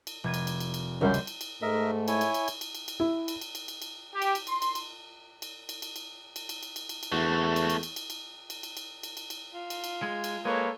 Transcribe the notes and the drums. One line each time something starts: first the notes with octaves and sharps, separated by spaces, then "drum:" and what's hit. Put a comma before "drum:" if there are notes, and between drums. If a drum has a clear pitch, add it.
drum: cymbal
F1 G#6 D#7
drum: cymbal
drum: cymbal
drum: cymbal
drum: cymbal
C#2 F#2 G3 C5
drum: cymbal
drum: cymbal
drum: cymbal
G#2 A3 A#4 D#5 E5
E4 C#5 G#5, drum: cymbal
drum: cymbal
drum: cymbal
drum: cymbal
drum: cymbal
drum: cymbal
drum: cymbal
E4
drum: cymbal
drum: cymbal
drum: cymbal
drum: cymbal
drum: cymbal
G4
drum: cymbal
drum: cymbal
C6, drum: cymbal
drum: cymbal
drum: cymbal
drum: cymbal
drum: cymbal
drum: cymbal
drum: cymbal
drum: cymbal
drum: cymbal
drum: cymbal
drum: cymbal
drum: cymbal
drum: cymbal
E2 A3 F#4
drum: cymbal
drum: cymbal
drum: cymbal
drum: cymbal
drum: cymbal
drum: cymbal
drum: cymbal
drum: cymbal
drum: cymbal
drum: cymbal
drum: cymbal
F4
drum: cymbal
drum: cymbal
G#3
drum: cymbal
G#3 A#3 A4 B4 C#5